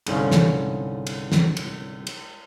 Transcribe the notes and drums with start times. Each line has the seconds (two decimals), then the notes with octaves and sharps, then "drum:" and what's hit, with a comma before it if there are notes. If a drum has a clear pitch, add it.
0.06 C2 G#2 D3 C#4 F4, drum: cymbal
0.32 drum: snare
1.07 drum: cymbal
1.32 drum: snare
1.57 drum: cymbal
2.07 drum: cymbal